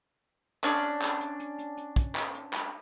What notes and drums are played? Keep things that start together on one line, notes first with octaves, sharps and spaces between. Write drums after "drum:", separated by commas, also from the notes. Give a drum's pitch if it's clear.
C#4 D4 D5, drum: clap
drum: hi-hat
drum: clap
drum: hi-hat
drum: hi-hat
drum: hi-hat
drum: hi-hat
drum: kick, hi-hat
drum: clap
drum: hi-hat
drum: clap